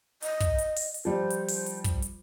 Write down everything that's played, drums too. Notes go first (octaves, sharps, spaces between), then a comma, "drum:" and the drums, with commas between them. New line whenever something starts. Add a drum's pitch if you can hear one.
D#5, drum: hi-hat
drum: kick, hi-hat
drum: hi-hat
drum: open hi-hat
drum: hi-hat
F3 G3 C5
drum: hi-hat
drum: open hi-hat
drum: hi-hat
drum: kick, hi-hat
drum: hi-hat